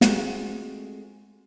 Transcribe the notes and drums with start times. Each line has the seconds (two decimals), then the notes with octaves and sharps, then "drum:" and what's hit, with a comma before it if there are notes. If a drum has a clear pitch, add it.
0.01 G#3 A3 C4 F4 F#4, drum: snare